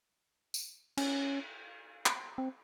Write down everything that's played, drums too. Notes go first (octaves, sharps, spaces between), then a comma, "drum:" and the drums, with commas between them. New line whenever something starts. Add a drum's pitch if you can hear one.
drum: tambourine
C#4, drum: cymbal
drum: clap
C4